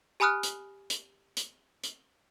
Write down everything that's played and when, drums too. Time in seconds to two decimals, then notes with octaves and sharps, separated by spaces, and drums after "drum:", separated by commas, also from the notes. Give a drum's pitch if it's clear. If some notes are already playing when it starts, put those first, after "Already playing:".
0.20 G4 G#5 B5 D#6 F6 F#6
0.43 drum: hi-hat
0.90 drum: hi-hat
1.37 drum: hi-hat
1.84 drum: hi-hat